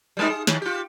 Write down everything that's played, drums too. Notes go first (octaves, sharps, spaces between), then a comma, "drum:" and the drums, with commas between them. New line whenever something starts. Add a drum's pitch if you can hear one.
G3 G#3 D#4
G#4
D#3, drum: snare
F4 G4